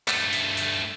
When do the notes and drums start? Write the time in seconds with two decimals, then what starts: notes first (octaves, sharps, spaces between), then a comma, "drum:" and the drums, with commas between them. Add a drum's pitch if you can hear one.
0.08 G2 A3, drum: clap
0.33 drum: hi-hat
0.57 drum: hi-hat